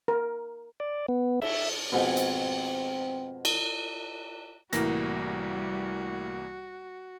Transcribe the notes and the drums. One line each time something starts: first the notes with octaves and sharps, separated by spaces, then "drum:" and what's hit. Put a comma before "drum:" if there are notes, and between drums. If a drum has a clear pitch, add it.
A#4
D5
B3
E5, drum: cymbal
F2 G#2 B2 C4
drum: hi-hat
drum: cymbal
C2 A2 E3 G3 A#3 F#4 A#4 A#6, drum: hi-hat